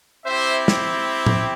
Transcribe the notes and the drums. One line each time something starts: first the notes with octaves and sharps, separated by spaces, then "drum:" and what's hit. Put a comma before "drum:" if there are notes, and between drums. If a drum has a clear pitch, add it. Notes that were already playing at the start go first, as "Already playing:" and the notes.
C4 E4 G4 C5 E5
drum: snare
drum: tom A2